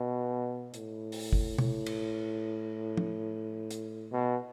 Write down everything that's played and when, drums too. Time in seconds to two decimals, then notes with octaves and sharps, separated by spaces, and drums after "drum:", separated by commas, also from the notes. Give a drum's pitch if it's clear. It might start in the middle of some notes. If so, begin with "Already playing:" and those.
Already playing: B2
0.74 A2, drum: hi-hat
1.12 drum: open hi-hat
1.33 drum: kick
1.58 A2, drum: tom B2
1.86 drum: cymbal
2.97 drum: tom F3
3.71 drum: hi-hat
4.12 B2